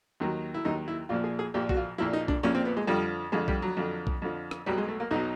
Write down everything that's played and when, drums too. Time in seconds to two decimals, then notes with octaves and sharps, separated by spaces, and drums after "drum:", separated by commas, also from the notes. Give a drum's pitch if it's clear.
0.20 D#2 D#3 F#3
0.54 E4
0.65 D#2 D#3 F#3 D#4
0.88 E4
1.09 A#1 A#2 F3 F4
1.24 G#4
1.39 G#4
1.54 A#1 A#2 F3 G4
1.69 F#4, drum: kick
1.77 F4
1.98 A#1 A#2 F3 E4
2.13 D#4
2.28 D4, drum: kick
2.43 A#1 A#2 F3 C#4
2.55 C4
2.65 B3
2.77 G#3
2.87 F2 D3 F3 G3
3.32 F2 D3 F3 G#3
3.48 G3, drum: kick
3.62 F#3
3.77 F2 D3 F3
4.07 drum: kick
4.22 F2 D3 F3
4.51 drum: rim click
4.66 B1 B2 F#3 G3
4.78 G#3
4.88 A3
5.00 A#3
5.11 B1 B2 F#3 D#4